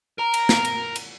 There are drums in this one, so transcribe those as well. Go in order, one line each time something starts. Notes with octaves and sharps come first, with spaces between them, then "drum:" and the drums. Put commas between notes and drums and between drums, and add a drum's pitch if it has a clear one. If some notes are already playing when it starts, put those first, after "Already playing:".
A#4 A#5
drum: cymbal
drum: snare
drum: cymbal
drum: cymbal